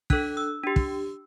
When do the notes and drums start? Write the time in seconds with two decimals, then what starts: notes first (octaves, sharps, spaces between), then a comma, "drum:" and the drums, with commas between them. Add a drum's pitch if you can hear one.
0.10 D4 A4 F#6, drum: kick
0.37 E6
0.64 D4 G4
0.76 drum: kick